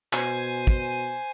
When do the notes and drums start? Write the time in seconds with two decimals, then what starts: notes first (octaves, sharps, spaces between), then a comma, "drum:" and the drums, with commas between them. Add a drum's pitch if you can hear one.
0.13 B2 C5 G#5, drum: clap
0.67 drum: kick